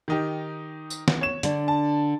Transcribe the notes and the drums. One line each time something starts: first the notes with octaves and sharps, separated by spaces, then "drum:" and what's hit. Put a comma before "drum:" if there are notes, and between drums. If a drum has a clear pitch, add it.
D#3 D#4 G4
drum: tambourine
drum: snare
C#5 E7
D3 D4, drum: hi-hat
A5